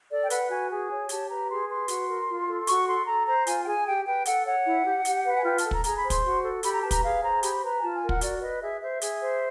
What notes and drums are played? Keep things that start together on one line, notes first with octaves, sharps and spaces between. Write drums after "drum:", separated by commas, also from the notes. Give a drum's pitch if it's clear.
A4 D5
G5
B4 F#5, drum: hi-hat
F#4 G#5
G#4 G#5
C#5
G4 A5, drum: hi-hat
B4 A#5
G#4 C6
B4 C6
F#4, drum: hi-hat
A#4
F4
A4
F#4 C#6, drum: hi-hat
A4 C6
A4 A#5
C5 A#5
F4 G#5, drum: hi-hat
G5
G#4 G#5
G4 G5
B4 G5
A4 F#5, drum: hi-hat
C#5 F#5
E4
G4
G4, drum: hi-hat
B4
G#5
F4 G5
A5, drum: hi-hat
A4
A#5, drum: kick
G#4 A#5, drum: hi-hat
B5
C5
C6, drum: kick, hi-hat
F#4
A4
G4 B5, drum: hi-hat
A#5
B4 A5
A#5, drum: kick, hi-hat
G#4 F5
C5 A#5
G4 B5, drum: hi-hat
B4 A#5
G#5
F4 A5
G#5
A#4
F#5, drum: kick
F#4 D5, drum: hi-hat
B4 D#5
G#4 E5
C5 E5
G#4, drum: hi-hat
C5